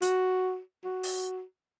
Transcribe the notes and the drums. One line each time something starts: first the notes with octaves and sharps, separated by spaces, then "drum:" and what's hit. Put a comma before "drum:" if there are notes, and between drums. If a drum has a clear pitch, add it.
F#4, drum: hi-hat
F#4
drum: open hi-hat